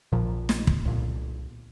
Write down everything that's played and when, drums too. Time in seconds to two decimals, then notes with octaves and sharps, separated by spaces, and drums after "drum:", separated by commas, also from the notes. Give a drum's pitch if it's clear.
0.12 A#1 A#2 F3
0.49 drum: snare
0.67 drum: kick
0.85 C2 A#2